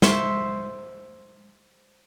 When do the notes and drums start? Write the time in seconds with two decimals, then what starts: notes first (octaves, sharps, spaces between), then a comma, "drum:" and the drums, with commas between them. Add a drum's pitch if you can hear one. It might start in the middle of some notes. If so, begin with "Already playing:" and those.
0.02 C5 E5 C6 C#6, drum: snare